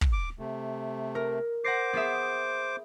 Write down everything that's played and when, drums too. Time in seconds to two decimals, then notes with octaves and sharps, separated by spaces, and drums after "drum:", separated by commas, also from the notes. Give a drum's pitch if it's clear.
0.01 drum: kick
0.13 D6
0.39 C3 A3
1.15 A#4
1.64 C5 F#5 D6 A#6 C7
1.93 B3 G#4 E5